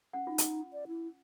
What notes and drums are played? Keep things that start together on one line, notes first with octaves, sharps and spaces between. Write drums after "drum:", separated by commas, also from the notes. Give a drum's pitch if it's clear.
C#4 F#5
D#4 F4
drum: hi-hat
D5
E4